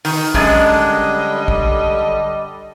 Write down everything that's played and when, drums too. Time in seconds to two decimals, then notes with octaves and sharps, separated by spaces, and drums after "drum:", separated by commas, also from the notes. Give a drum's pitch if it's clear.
0.05 D#3, drum: open hi-hat
0.34 F#2 D3 G3 G#3 D4 D#5, drum: kick
1.48 drum: kick